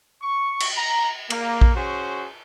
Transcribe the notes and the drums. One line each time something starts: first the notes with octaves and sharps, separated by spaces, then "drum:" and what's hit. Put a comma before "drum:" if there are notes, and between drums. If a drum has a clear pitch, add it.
C#6
drum: cymbal
A#5
A#3, drum: cymbal
drum: kick A#1
C#4 F#4 G#4 C5